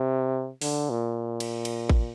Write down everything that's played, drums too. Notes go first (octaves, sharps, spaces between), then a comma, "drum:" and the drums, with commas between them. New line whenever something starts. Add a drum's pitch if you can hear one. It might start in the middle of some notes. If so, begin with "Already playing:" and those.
Already playing: C3
D3, drum: open hi-hat
A#2
drum: cymbal
drum: cymbal
drum: kick A1